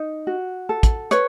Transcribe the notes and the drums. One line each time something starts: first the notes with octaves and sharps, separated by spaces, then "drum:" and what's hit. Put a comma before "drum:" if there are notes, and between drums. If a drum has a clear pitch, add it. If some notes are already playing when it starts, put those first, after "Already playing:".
Already playing: D#4
F#4
A4
drum: kick, hi-hat
B4 C#5, drum: hi-hat